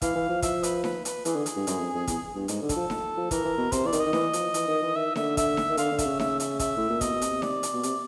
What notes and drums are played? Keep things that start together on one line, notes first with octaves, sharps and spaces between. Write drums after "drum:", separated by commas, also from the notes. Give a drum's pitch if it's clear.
E3 F5, drum: kick, hi-hat
E3
F3
E5, drum: kick, hi-hat
B4, drum: hi-hat
B4, drum: snare D#4
B4, drum: hi-hat
E3 G#4, drum: hi-hat
D3
drum: hi-hat
G2
F#2, drum: hi-hat
F2
F2
E2, drum: kick, hi-hat
G2
G#2, drum: hi-hat
D3
A4, drum: kick, hi-hat
F3
drum: snare D#4
F3
E3 A#4, drum: kick, hi-hat
E3
B2
C3 C5, drum: kick, hi-hat
E3 D5
D#3, drum: hi-hat
D#5
D#3
E3, drum: snare D#4
F3, drum: hi-hat
E3, drum: hi-hat
D#3
E3
D#3 E5
D3 E5, drum: snare D#4
E5, drum: kick, hi-hat
drum: snare D#4
D#3
D3 F5, drum: hi-hat
D3
E5, drum: kick, hi-hat
C#3
E5, drum: snare D#4
E5, drum: hi-hat
E5, drum: kick, hi-hat
A2
A#2
B2 D#5, drum: kick, hi-hat
B2
C3, drum: hi-hat
D5, drum: snare D#4
drum: hi-hat
B2
C3, drum: hi-hat